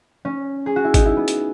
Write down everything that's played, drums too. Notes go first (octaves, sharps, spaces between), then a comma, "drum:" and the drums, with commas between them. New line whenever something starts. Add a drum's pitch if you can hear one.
C#4
G#4
F#4
E4
D#4, drum: kick G#1, hi-hat
E4
B3
drum: hi-hat